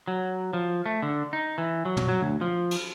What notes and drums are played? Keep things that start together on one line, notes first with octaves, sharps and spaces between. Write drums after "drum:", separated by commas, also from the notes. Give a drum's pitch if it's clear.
F#3
F3
A3
D3
D#4
E3
F#3
drum: tom
F#3
D2
F3
drum: cymbal